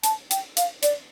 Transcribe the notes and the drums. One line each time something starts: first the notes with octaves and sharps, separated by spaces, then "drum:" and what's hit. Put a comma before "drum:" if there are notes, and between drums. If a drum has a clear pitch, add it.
A5, drum: hi-hat
G5, drum: hi-hat
F5, drum: hi-hat
D5, drum: hi-hat